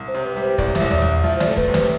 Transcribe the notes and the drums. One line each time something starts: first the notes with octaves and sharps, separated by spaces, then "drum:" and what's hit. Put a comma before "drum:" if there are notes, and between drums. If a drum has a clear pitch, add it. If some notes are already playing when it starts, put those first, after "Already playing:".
Already playing: C2
C5
C3
B4
G3
C5
C2 D5, drum: kick
E5, drum: snare
C2
D5, drum: tom E2
C2
E5
F3 E5
C5
D5, drum: snare
A3
B4, drum: kick
C3
C5, drum: snare